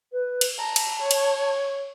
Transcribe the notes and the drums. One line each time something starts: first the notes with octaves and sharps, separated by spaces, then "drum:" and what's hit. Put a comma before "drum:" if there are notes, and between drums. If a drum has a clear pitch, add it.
B4
drum: cymbal
A5 A#5
drum: cymbal
C#5
drum: cymbal